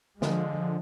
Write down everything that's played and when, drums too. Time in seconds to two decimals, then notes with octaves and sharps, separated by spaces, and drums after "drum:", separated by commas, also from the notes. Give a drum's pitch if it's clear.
0.22 D3 F3 G#3, drum: snare